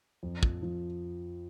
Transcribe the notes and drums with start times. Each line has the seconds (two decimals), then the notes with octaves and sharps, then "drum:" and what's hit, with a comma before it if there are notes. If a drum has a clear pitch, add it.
0.23 F2
0.43 F3, drum: kick
0.62 F3